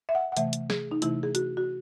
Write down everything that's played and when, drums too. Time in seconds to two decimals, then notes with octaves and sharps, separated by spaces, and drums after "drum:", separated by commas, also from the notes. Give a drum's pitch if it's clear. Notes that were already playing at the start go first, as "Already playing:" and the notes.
0.09 E5
0.15 F#5
0.32 F#5
0.37 C3 E3 A3 E5, drum: hi-hat
0.53 drum: hi-hat
0.70 G#4, drum: snare
0.91 D#4
1.02 C3 E3 A3 E4, drum: hi-hat
1.23 G#4
1.35 F#4, drum: hi-hat
1.57 F#4